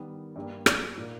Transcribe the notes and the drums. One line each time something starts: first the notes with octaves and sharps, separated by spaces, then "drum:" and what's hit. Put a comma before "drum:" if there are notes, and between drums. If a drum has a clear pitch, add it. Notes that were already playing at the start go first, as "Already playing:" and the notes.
Already playing: D#3 G3 B3
G2 G3 A#3
drum: rim click
A#2 A#3 D#4